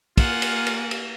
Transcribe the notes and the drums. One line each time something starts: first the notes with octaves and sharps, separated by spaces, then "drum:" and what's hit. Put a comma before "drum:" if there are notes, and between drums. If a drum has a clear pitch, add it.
A#3 F4 F#5 G#5, drum: kick, cymbal
drum: cymbal
drum: cymbal
drum: cymbal